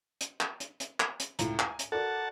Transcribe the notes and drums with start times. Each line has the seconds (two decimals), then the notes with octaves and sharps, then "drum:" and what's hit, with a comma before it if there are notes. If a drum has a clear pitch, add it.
0.21 drum: hi-hat
0.41 drum: clap
0.60 drum: hi-hat
0.80 drum: hi-hat
1.00 drum: clap
1.20 drum: hi-hat
1.39 C#2 A2 A#5, drum: hi-hat
1.59 G#5, drum: clap
1.79 drum: hi-hat
1.92 F#4 A4 A#4 D5 F#5 A5